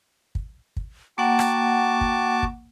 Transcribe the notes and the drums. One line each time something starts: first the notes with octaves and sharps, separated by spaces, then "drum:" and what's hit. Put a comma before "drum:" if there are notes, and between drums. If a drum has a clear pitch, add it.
drum: kick
drum: kick
A#3 F#4 F#5 G5 A5 D6
drum: rim click
drum: kick
drum: kick